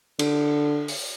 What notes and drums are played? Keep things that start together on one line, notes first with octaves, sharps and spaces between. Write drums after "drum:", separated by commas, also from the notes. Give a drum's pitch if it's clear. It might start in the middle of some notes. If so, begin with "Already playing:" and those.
D3, drum: cymbal
drum: open hi-hat